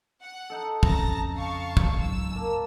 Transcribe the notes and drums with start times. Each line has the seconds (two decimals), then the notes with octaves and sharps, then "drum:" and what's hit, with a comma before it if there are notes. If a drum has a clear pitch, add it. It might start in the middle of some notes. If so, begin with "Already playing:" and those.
0.20 F#5
0.50 D#4 A4
0.83 F2 C#3 A5 A#5 A#6, drum: kick
1.37 F5 A5 C#6
1.77 drum: kick
2.00 C#2 G#2 F#3 E6
2.32 A#3 A5